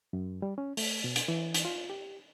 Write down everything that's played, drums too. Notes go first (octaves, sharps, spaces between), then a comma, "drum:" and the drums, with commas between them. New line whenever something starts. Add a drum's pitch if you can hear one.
F#2
G3
C#4
A3, drum: open hi-hat
B2
drum: hi-hat
E3
drum: hi-hat
F4
G4